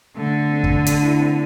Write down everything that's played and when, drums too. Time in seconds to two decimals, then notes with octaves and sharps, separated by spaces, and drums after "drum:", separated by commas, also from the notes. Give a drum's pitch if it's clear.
0.17 D3 A3
0.52 C4
0.64 drum: kick
0.86 D4, drum: hi-hat
1.03 E4
1.20 C4